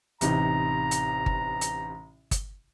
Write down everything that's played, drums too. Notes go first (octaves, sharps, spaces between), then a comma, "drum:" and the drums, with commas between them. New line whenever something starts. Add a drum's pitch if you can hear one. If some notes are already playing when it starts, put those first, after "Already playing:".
A1 C3 D#4 A#5, drum: hi-hat
drum: hi-hat
drum: kick G1
drum: hi-hat
drum: kick G1, hi-hat